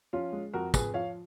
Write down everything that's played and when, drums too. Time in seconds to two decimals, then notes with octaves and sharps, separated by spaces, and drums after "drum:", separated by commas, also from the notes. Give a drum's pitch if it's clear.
0.13 F3 C#4 F4
0.32 G#3
0.53 F2 F#4 A#4
0.74 F2 G#4 B4, drum: kick, tambourine
0.94 F3 C#5 F5